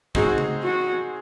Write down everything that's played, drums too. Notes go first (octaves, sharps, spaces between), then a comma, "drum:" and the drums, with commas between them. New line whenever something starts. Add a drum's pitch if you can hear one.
G#3 C4 D#4 F#4 G#4, drum: kick
drum: tom C#3
F#4